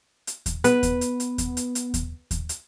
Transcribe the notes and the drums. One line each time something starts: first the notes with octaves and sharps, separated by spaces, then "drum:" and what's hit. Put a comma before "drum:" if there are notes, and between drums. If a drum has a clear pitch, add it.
drum: hi-hat
drum: kick D#2, hi-hat
B3 B4, drum: hi-hat
drum: kick D#2, hi-hat
drum: hi-hat
drum: hi-hat
drum: kick D#2, hi-hat
drum: hi-hat
drum: hi-hat
drum: kick D#2, hi-hat
drum: kick D#2, hi-hat
drum: hi-hat